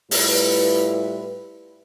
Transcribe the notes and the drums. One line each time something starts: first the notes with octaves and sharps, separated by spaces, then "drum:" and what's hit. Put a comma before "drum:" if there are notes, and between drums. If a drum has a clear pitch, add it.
A2 G3 E4 F4 B4, drum: open hi-hat